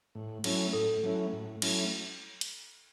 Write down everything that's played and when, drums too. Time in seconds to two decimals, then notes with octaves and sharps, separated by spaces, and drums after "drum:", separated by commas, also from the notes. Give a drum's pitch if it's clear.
0.15 A2
0.44 F#3 A3 C#4 E4, drum: cymbal
0.73 A2 A4
1.03 F#3 A3 C#4 E4
1.33 A2
1.62 F#3 A3 C#4 E4, drum: cymbal
2.41 drum: hi-hat